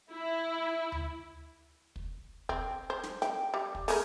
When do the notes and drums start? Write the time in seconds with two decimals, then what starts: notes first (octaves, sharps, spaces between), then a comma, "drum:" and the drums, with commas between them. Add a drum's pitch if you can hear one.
0.12 E4
0.92 drum: tom D2
1.96 drum: kick
2.49 C4, drum: kick
2.90 C5
3.03 drum: snare
3.22 G5, drum: snare
3.54 G3
3.75 drum: kick
3.88 A3 G#4 A#4, drum: open hi-hat